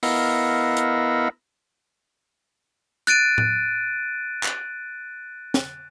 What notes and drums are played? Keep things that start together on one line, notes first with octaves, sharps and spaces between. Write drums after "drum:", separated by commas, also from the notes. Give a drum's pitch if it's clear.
B3 E4 A#4 D#5 F5 F#5, drum: open hi-hat
drum: hi-hat
F#6 A6 D7 D#7, drum: hi-hat
drum: tom A2
drum: clap
drum: snare